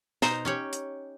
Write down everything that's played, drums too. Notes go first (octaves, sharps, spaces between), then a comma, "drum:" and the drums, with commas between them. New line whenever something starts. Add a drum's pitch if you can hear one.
B2 D#4 C5 A#5, drum: snare
C#4 G4 C#5
drum: hi-hat